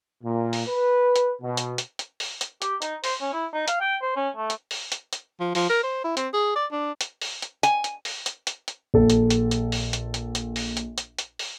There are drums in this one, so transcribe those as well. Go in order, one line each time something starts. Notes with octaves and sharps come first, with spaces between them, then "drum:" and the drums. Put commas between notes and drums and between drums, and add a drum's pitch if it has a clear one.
A#2
drum: open hi-hat
B4
drum: hi-hat
B2
drum: hi-hat
drum: hi-hat
drum: hi-hat
drum: open hi-hat
drum: hi-hat
G4, drum: hi-hat
D#4, drum: hi-hat
C5, drum: open hi-hat
C#4
E4
D#4
F5, drum: hi-hat
G5
C5
C#4
A3
drum: hi-hat
drum: open hi-hat
drum: hi-hat
drum: hi-hat
F3
F3, drum: open hi-hat
A#4
C5
E4
C4, drum: hi-hat
G#4
D5
D4
drum: hi-hat
drum: open hi-hat
drum: hi-hat
G#5, drum: hi-hat
drum: hi-hat
drum: open hi-hat
drum: hi-hat
drum: hi-hat
drum: hi-hat
A#1 A4
drum: hi-hat
drum: hi-hat
drum: hi-hat
drum: open hi-hat
drum: hi-hat
drum: hi-hat
drum: hi-hat
drum: open hi-hat
drum: hi-hat
drum: hi-hat
drum: hi-hat
drum: open hi-hat